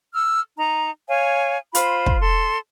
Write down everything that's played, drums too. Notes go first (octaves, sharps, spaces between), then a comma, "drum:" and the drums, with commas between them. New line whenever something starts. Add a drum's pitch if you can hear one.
E6 F6
D#4 A#5
C#5 F5 G#5
F4 C5 B5, drum: hi-hat
drum: kick
A4 C6